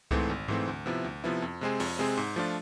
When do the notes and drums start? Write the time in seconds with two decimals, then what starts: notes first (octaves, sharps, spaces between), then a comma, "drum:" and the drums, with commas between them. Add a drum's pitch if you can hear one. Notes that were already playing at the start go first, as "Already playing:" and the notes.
0.11 G#2 E3 A3 C4, drum: kick C2
0.30 G#1
0.48 G#2 E3 A3 C4, drum: tom G#2
0.68 D2
0.86 C3 F3 B3 E4
1.04 D2
1.24 C3 F3 B3 E4
1.42 F2
1.61 C3 G#3 C4 G#4
1.80 F2, drum: open hi-hat
1.99 C3 G#3 C4 G#4
2.17 G#2
2.36 F3 A3 D4 F4